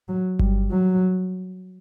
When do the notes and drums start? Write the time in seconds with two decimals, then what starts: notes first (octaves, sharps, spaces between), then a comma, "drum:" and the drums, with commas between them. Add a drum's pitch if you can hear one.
0.08 F#3
0.39 G3, drum: kick G1
0.71 F#3